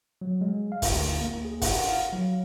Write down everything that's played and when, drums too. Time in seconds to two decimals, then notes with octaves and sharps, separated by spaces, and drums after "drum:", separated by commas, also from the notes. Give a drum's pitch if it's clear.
0.21 F#3
0.41 G#3
0.72 F5
0.82 drum: kick, open hi-hat
0.92 D2
1.21 A#3
1.45 G#4
1.62 F#5, drum: kick, open hi-hat
1.89 F5
2.12 F#3